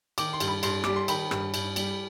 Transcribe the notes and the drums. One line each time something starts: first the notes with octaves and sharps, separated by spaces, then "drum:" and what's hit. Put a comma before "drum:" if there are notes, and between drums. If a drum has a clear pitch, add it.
D#3 D6, drum: cymbal
C6
G2, drum: cymbal
B5
G2 C6, drum: cymbal
G3 D6, drum: rim click
C6
D#3 B5, drum: cymbal
G2, drum: rim click
G2, drum: cymbal
G3, drum: cymbal